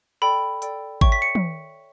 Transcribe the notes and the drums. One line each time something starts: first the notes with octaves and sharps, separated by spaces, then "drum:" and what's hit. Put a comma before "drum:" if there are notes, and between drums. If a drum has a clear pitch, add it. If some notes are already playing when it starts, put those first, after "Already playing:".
A4 D5 G5 B5
A4 D5 G5, drum: hi-hat
C#5 E5 G5 C#6, drum: kick G#1
B6
C#7
drum: tom